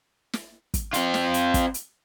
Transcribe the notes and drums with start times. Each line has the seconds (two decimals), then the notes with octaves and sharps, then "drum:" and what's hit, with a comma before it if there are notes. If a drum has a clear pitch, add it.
0.33 drum: snare
0.74 drum: kick, hi-hat
0.94 C4 F4, drum: hi-hat
1.14 drum: snare
1.34 drum: hi-hat
1.54 drum: kick, hi-hat
1.74 drum: hi-hat